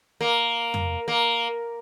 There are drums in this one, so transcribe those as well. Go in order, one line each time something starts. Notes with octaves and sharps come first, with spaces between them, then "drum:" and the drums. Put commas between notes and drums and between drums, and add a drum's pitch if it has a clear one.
A#3
drum: tom
A#3